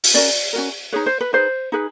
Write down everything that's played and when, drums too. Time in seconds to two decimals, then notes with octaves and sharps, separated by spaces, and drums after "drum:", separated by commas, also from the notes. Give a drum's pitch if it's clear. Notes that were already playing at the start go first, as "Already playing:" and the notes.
0.03 drum: open hi-hat
0.14 C#4 F#4 A#4 D5
0.53 C#4 F#4 A#4
0.93 D#4 G#4 B4 C#5
1.06 C5
1.21 B4
1.33 D#4 G#4 B4 C5
1.72 D#4 G#4 B4